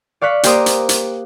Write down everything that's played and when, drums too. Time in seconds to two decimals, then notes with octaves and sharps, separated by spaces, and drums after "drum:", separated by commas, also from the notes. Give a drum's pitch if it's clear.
0.21 D5 F5 C#6 F#6 B6
0.43 A#3 G4 C5 A#5 D6 D#6, drum: hi-hat
0.66 drum: hi-hat
0.89 drum: hi-hat